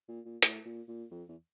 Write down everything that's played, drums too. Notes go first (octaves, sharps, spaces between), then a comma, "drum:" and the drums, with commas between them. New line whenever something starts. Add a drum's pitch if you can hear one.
A#2
A#2
A2, drum: hi-hat
A#2
A#2
F2
E2